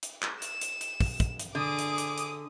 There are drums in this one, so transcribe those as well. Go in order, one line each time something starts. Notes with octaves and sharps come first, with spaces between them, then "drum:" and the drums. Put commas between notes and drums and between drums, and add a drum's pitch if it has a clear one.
drum: hi-hat
drum: clap
E7, drum: hi-hat
drum: hi-hat
drum: hi-hat
drum: kick, open hi-hat
drum: kick, hi-hat
drum: hi-hat
D3 G#4 D6 D#6
drum: hi-hat
drum: hi-hat
drum: hi-hat